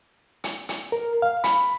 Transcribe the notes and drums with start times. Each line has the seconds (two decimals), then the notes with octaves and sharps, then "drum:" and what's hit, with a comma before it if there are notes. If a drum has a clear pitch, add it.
0.44 drum: hi-hat
0.69 drum: hi-hat
0.92 A#4
1.22 F5
1.44 B5, drum: hi-hat